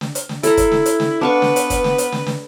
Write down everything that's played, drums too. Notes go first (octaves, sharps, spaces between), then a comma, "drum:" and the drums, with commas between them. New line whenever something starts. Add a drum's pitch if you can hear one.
drum: snare
drum: hi-hat
drum: snare
E4 A4 A#5, drum: hi-hat
drum: kick, hi-hat
drum: snare
drum: hi-hat
drum: snare
B3 D4 B4 F5 F#5 A5 C#6 D6
drum: snare
drum: hi-hat
drum: kick, hi-hat
drum: snare
drum: hi-hat
drum: snare
drum: snare